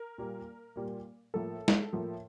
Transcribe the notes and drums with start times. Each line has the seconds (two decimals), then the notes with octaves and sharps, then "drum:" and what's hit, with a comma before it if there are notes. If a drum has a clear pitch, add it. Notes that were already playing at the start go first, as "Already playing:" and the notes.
Already playing: A#4
0.18 A#2 G3 A#3
0.76 A#2 G3 A#3
1.34 A2 F3 A#3 A4
1.68 drum: snare
1.92 A2 F3 A#3